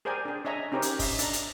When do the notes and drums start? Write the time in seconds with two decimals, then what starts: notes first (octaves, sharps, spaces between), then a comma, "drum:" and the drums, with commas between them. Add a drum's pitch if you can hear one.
0.05 G#4 A#4 C5 D5 G5 G#5
0.25 D4 G#4
0.45 D4 C#5 D#5 E5 G#5 A#5
0.72 C#4 D#4 G4 A#4 C5 C#5
0.82 drum: hi-hat
0.99 D#5 E5, drum: kick, open hi-hat
1.19 D4 A#5, drum: hi-hat
1.33 drum: hi-hat